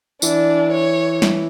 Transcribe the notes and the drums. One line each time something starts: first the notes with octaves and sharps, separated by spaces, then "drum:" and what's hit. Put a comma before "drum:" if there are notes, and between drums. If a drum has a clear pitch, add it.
E3 D4, drum: tambourine
C#5
E3, drum: snare